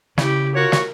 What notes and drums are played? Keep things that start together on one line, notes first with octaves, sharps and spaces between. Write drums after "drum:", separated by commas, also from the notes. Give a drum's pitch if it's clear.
C#3 E4 G4, drum: snare
F4 F#4 A#4 C#5
drum: snare